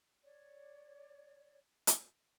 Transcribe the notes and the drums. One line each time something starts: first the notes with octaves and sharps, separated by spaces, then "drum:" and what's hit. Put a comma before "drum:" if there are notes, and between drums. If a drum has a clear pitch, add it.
C#5 D5
drum: hi-hat